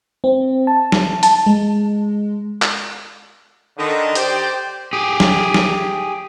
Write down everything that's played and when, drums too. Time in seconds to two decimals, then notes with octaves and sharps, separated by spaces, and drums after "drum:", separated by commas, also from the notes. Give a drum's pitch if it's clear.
0.24 C4
0.67 A5
0.92 drum: snare
1.23 A5, drum: hi-hat
1.46 G#3
2.62 drum: clap
3.77 D3 D#3 D#4
4.15 G4 C5 D5, drum: hi-hat
4.93 G4 G#4
5.20 drum: snare
5.54 drum: snare